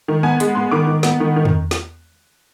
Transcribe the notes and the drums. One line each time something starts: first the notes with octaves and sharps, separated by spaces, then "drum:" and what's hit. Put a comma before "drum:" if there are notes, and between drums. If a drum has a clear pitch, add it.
D#3
B3 G#5
G#3, drum: hi-hat
B3 C6
D#3 D6
D#3
B3, drum: snare
D#3
D#3
drum: tom
drum: snare